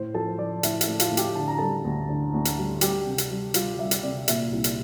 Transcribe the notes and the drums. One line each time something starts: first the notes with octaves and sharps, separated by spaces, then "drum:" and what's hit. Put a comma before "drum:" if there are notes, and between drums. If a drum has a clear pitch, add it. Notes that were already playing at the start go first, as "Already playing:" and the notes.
Already playing: A2 C5
F3 A4 A5
F3 D5
A2 E5, drum: hi-hat
E5, drum: hi-hat
A3
F4 F5, drum: hi-hat
A2
G4 G5, drum: hi-hat
D3 A5
A#5
G3 A4 A5
D2
D3
D2
drum: hi-hat
G3
G3 G4 G5, drum: hi-hat
C3
drum: hi-hat
G3
G3 F4 F5, drum: hi-hat
G3 E5
drum: hi-hat
C3 D5
A#2 E5, drum: hi-hat
C2
drum: hi-hat